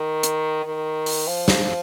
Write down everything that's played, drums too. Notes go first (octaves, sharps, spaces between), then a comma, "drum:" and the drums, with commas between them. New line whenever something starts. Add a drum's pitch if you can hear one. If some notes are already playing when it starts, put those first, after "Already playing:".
Already playing: D#3
drum: hi-hat
D#3
drum: open hi-hat
F3
drum: snare